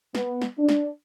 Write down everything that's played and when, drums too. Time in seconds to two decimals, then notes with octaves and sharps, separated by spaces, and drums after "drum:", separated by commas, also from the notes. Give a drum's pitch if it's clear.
0.15 B3, drum: snare
0.42 drum: snare
0.59 D4
0.69 drum: snare